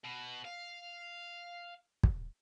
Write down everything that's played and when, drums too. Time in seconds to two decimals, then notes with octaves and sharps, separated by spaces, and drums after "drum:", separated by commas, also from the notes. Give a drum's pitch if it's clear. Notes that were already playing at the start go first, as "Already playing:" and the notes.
0.05 B2
0.45 F5
2.04 drum: kick